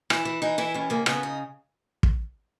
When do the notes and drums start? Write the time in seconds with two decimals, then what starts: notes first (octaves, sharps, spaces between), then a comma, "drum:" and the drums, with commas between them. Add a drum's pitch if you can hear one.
0.10 E3 E4, drum: rim click
0.25 E3
0.42 E3 D#4
0.58 E3 E4
0.74 D#2 C#4
0.90 C#3 A#3
1.06 C#3 B3, drum: rim click
1.23 D#4
2.03 drum: kick